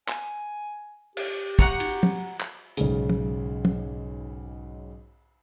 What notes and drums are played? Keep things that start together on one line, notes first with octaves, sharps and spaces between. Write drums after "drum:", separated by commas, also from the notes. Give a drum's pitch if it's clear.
G#5, drum: clap
G4, drum: cymbal
F#5 A#5 C#6, drum: kick
drum: cymbal
drum: tom F3
drum: clap
B1 G#2 C#3, drum: hi-hat
drum: tom F3
drum: tom F3